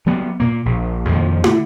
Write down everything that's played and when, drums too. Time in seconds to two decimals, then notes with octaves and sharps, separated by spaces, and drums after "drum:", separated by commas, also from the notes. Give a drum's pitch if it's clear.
0.06 F#3 G3 B3
0.40 A#2 A#3
0.65 A#1
1.09 F2 A#2 D#3 F3
1.44 D3, drum: tom